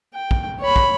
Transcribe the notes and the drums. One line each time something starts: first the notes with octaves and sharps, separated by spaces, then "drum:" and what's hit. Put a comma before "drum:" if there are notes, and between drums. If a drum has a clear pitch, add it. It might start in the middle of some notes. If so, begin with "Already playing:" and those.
G5
drum: kick
C#5 B5
drum: kick